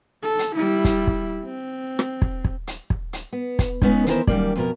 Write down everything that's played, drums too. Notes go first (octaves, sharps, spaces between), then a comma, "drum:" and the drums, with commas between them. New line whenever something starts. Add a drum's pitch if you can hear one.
A4
drum: hi-hat
G3 E4
drum: kick, hi-hat
drum: kick
C4
drum: rim click
drum: kick
drum: kick
drum: hi-hat
drum: kick
drum: hi-hat
B3
drum: kick, hi-hat
G#3 A3 B3 C#4 D#4, drum: kick
D#3 E3 B3 E4 A#4 C5, drum: hi-hat
F#2 D#3 G3 A#3 D5, drum: kick
F2 B2 A#4